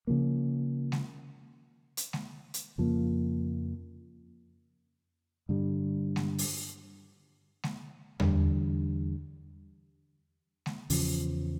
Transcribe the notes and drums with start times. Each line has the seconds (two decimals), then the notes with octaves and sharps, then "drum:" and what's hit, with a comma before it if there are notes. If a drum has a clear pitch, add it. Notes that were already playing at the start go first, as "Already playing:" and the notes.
0.07 C#3 F3 A#3
0.92 drum: snare G#3
1.97 drum: hi-hat
2.13 drum: snare G#3
2.54 drum: hi-hat
2.78 F2 C#3 F3 A#3
5.49 G2 D3 G3
6.16 drum: snare G#3
6.38 drum: open hi-hat
7.63 drum: snare G#3
8.20 E2 D3 G3, drum: tom E2
10.66 drum: snare G#3
10.90 E2 C#3 F3, drum: open hi-hat